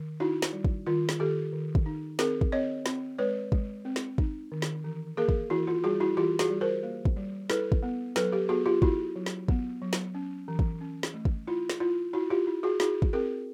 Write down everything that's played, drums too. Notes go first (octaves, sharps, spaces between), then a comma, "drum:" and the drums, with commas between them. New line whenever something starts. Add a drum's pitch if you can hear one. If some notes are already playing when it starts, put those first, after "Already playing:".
Already playing: D#3
D#4 E4 F#4
drum: snare
G3
drum: kick
D#3 F4
drum: snare
D#3 G4 A4
D#3
drum: kick
D#4
C4 G#4 A#4, drum: snare
drum: kick
C4 C#5 D#5
C4, drum: snare
G#3 B4 C#5
G#3, drum: kick
C4
drum: snare
D#4, drum: kick
D#3
drum: snare
E3
A#3 G#4 A#4
drum: kick
E3 E4 F#4
F4
G3 F#4 G#4
E4 F#4
E3 F4 G4
F#4 G#4, drum: snare
G3
A#4 C5
A#3
drum: kick
G3
E4 A4 B4, drum: snare
drum: kick
B3
F#3 A4 B4, drum: snare
G4 A4
B3 F#4 G#4
F4 G4
E4 F#4, drum: kick
F#3
drum: snare
B3, drum: kick
F#3
drum: snare
C#4
E3
drum: kick
C#4
drum: snare
A3
drum: kick
E4 F4
drum: snare
E4 F4
E4 F#4
F4 G4
E4
F#4 G#4
E4 F#4 G#4, drum: snare
drum: kick
C4 G#4 A#4